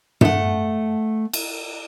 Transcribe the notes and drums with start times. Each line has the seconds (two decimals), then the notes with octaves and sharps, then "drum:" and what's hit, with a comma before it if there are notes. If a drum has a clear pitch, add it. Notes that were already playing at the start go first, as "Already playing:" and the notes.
0.21 A3 F#5, drum: tom G2
1.33 drum: cymbal